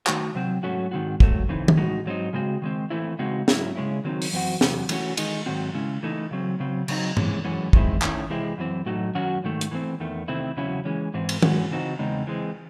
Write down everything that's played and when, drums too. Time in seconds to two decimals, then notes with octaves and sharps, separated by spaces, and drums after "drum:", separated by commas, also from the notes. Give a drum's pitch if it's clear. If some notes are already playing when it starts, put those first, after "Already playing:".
0.07 D#3 A3 D#4 F#4, drum: clap
0.35 C3 F#3 C4
0.63 G#2 F#3 A3 C#4 F#4
0.91 G#2 D#3 G#3 C4 F#4
1.20 G#2 F#3 A3, drum: kick
1.49 C#3 E3 C4 D#4
1.68 drum: tom
1.77 A2 G#3 D#4 F#4
2.05 G#2 F#3 C4 D#4
2.33 C#3 G#3 C4 F#4
2.62 D#3 G#3 C4
2.90 E3 A3 C4 E4
3.19 C#3 G#3 C4 D#4 F#4
3.48 G#2 F#3 C#4 E4, drum: snare
3.76 C#3 G#3 C#4 E4
4.04 D#3 F#3 C4 D#4
4.22 drum: open hi-hat
4.33 F#2 E3 C4 F#4
4.61 E2 C3 F#3, drum: snare
4.89 E3 A3 C#4 F#4, drum: cymbal
5.17 D#3 G#3 D#4, drum: cymbal
5.46 G#2 D#3 F#3 C4 F#4
5.74 C#3 G#3 C#4 E4
6.03 E3 A3 D#4
6.31 C#3 F#3 C4
6.60 C#3 F#3 C4
6.88 C#3 F#3 C4 D#4, drum: cymbal
7.17 C3 E3 G#3 C#4, drum: tom G2
7.44 F#2 E3 G#3 C#4
7.73 E2 D#3 G#3 C4 E4, drum: kick
8.02 D#3 A3 C#4 E4, drum: clap
8.30 C3 E3 G#3 C4 E4
8.58 F#2 E3 C4
8.86 A2 F#3 A3 D#4 F#4
9.15 F#2 D#3 F#3 C#4 F#4
9.44 G#2 D#3 A3
9.61 drum: hi-hat
9.71 E3 A3 C4
10.00 E2 D#3 A3
10.28 C3 D#3 A3 C4 E4
10.57 E2 C#3 F#3 C#4 E4
10.85 E3 G#3 C#4
11.14 G#2 E3 C4 E4
11.29 drum: cymbal
11.42 G#2 E3 G#3 C#4 F#4, drum: tom
11.71 C#3 E3 C4 D#4 F#4
11.99 E2 C#3 G#3 C4 D#4
12.27 E3 G#3 C4